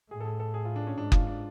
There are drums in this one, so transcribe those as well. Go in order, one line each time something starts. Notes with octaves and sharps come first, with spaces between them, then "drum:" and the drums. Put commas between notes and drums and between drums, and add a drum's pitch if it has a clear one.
A2 G#4
A4
G#4
A4
G#4
F4
D4
C#4
G#2 D4
F4, drum: kick F#1
D4